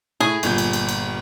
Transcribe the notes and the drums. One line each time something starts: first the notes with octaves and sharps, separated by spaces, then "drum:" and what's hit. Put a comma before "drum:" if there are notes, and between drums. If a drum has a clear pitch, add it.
A2 G#4
G1 A#2 G6, drum: cymbal
drum: cymbal
drum: cymbal
drum: cymbal